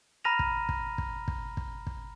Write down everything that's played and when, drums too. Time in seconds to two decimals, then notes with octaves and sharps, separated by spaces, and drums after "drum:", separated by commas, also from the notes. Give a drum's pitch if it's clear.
0.25 A#5 B5 F6 A#6 D#7 F7
0.39 drum: kick
0.69 drum: kick
0.98 drum: kick
1.28 drum: kick
1.57 drum: kick
1.87 drum: kick